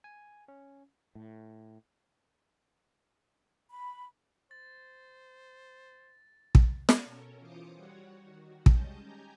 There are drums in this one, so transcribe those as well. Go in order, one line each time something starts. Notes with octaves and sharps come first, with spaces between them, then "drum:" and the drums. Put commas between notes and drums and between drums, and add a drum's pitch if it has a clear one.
G#5
C#4
A2
B5
C5 A6
drum: kick
drum: snare
B2 C#4 A4 A#4 C#5
E3 F4 C5 D6 D#6 C#7
G3 F#4 C#5 F#5
D#3 F#4
G3 G#3 C#4 D#5 A5 G6, drum: kick
G4 G#5 A#5 G6